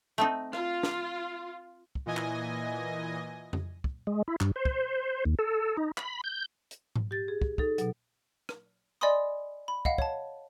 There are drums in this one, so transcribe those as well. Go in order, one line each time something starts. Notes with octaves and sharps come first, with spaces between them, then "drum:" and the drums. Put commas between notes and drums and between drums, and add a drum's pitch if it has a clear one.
A3 C4 D#4
F4, drum: rim click
drum: snare
drum: kick
A#2 E3 D#5 G#5 A#6
drum: clap
drum: tom F2
drum: kick
G#3
E4
G2, drum: clap
C5
drum: kick
D#2
A4
D#4
B5, drum: clap
G6
drum: hi-hat
drum: tom G#2
G4 A6
G#4
drum: kick
D#4 A4, drum: kick
B2 F#3, drum: hi-hat
drum: rim click
D5 D#5 G#5 B5 C6 D#6
B5
D#5 F5 F#5, drum: kick
C#5 A5, drum: kick